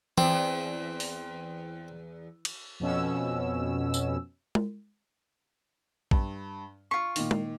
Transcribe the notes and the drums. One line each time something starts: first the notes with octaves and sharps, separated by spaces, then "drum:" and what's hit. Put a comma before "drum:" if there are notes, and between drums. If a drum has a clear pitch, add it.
E2 C4, drum: tom E3
drum: open hi-hat
drum: cymbal
F2 B2 C#4 E6
drum: tambourine
drum: tom G#3
G2, drum: kick A#1
F4 C#6 C7
A#2 D#3, drum: open hi-hat
drum: tom G#3